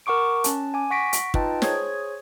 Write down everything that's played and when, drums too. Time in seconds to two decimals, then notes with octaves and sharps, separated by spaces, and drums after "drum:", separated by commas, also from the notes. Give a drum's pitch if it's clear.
0.06 A#4 F#5 C#6 D6 D7
0.44 C#4 A5, drum: hi-hat
0.74 G#5 D6
0.90 F#5 C#6 A#6 B6 D7
1.13 drum: hi-hat
1.34 D#4 F4 B4 D#5 G5 A5, drum: kick
1.62 G#4 C5 C#5 D#6 G#6, drum: snare